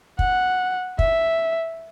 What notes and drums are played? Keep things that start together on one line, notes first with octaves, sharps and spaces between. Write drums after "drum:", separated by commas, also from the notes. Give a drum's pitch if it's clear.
F#5, drum: kick
E5, drum: kick